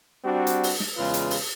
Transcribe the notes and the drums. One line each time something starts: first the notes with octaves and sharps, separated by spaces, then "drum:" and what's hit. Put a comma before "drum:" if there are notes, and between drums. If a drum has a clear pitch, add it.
G3 C4 D4 F#4
drum: hi-hat
drum: open hi-hat
drum: snare
E2 C#3 G#3 F4 B4
drum: hi-hat
drum: open hi-hat